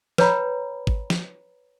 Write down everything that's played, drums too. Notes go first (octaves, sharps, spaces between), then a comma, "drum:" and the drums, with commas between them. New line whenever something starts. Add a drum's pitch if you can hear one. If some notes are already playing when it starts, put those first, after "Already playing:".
B4 C#5 G5 A#5 B5, drum: snare
drum: kick G#1
drum: snare